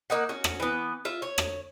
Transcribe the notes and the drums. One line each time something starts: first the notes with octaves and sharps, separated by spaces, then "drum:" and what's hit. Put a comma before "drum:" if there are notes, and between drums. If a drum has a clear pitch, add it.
A#3 D#4 F#5
C#4 F#4
drum: rim click
E3 B3
F4 E5
C#5
drum: rim click